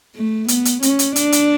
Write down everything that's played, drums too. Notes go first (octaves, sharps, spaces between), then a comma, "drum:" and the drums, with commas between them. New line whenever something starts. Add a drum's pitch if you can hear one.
A3
B3, drum: hi-hat
drum: hi-hat
C#4, drum: hi-hat
drum: hi-hat
D4, drum: hi-hat
drum: hi-hat